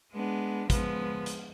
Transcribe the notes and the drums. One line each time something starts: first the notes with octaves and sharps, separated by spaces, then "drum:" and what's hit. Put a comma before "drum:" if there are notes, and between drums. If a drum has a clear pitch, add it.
G#3 B3 D4
F3 G#3 B3, drum: kick, hi-hat
drum: hi-hat